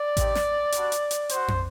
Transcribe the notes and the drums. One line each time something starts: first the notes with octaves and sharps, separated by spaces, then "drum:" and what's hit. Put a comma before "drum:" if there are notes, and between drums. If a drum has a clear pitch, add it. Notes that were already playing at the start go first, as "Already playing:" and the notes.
Already playing: D5
C4 D#4 G4, drum: kick A1, hi-hat
drum: snare
G3 D4 F#4, drum: hi-hat
drum: hi-hat
drum: hi-hat
C4 F#4 C5, drum: hi-hat
drum: tom